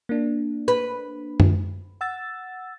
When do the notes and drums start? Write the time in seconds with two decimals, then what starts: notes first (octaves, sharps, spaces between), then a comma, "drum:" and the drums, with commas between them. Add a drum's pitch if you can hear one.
0.09 A#3 D4
0.68 B4
1.40 drum: tom F#2
2.01 F#5 E6 A6